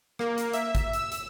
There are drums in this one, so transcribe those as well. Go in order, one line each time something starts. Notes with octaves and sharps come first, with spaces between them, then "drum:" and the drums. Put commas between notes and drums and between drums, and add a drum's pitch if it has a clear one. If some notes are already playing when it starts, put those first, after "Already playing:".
A#3, drum: rim click
drum: hi-hat
E5, drum: hi-hat
drum: kick, hi-hat
E6, drum: hi-hat
drum: hi-hat